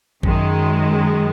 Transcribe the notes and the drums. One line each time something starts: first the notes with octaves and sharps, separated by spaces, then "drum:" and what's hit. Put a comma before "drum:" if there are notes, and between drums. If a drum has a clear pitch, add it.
F#2 D#3 G#3, drum: kick